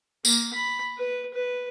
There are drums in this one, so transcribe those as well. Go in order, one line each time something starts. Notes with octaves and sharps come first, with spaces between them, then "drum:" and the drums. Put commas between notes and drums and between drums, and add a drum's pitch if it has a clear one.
A#3, drum: tambourine
B5
B4
B4